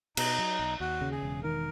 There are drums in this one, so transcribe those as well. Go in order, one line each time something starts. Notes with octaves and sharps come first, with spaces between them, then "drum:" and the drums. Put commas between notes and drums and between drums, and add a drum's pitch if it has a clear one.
B2 D#4, drum: cymbal
F#3
B1
D#2 F#4
C#3
G#4
E1
D#3 A#4